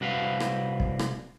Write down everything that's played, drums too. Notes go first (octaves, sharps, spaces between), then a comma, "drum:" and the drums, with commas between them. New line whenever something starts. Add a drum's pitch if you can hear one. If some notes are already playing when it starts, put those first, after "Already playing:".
C2 F#4 B4 F5
drum: rim click
drum: kick
drum: rim click